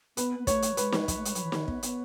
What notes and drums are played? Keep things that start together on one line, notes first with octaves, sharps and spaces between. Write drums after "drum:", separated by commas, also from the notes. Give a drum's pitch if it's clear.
B3 B4, drum: hi-hat
B3
A3 C#5, drum: kick, hi-hat
drum: hi-hat
F#3
G#3 B4, drum: hi-hat
drum: snare
F#3, drum: kick, hi-hat
A3
G#3, drum: hi-hat
F#3, drum: hi-hat
E3
D#3, drum: snare
B3, drum: kick
B3, drum: hi-hat